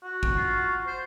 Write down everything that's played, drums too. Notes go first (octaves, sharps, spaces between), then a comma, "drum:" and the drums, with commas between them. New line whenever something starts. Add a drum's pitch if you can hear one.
F#4
drum: kick
F4
C5